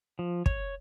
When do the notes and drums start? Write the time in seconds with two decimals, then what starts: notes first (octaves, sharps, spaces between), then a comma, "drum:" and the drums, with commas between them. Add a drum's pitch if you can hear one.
0.19 F3
0.46 C#5, drum: kick